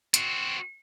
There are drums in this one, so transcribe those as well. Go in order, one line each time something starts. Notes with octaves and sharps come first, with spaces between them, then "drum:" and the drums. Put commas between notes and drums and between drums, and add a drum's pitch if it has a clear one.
C4 F#4, drum: hi-hat